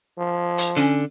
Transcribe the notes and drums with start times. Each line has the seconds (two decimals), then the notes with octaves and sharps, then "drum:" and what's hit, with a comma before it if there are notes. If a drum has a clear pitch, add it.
0.18 F3
0.58 drum: hi-hat
0.77 D3 C#4